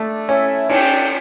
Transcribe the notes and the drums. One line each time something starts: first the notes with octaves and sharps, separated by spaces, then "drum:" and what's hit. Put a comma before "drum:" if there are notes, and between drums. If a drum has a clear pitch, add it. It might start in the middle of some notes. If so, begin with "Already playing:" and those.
Already playing: A3 D4 A4 D5
C#4 E4 A4 E5
C#4 D4 A4 D5 G5, drum: cymbal